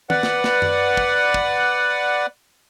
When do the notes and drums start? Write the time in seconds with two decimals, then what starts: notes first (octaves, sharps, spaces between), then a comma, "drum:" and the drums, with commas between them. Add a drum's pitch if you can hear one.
0.10 B4 D5 F#5, drum: tom
0.23 drum: snare
0.44 drum: snare
0.62 drum: tom F#2
0.97 drum: kick
1.34 drum: kick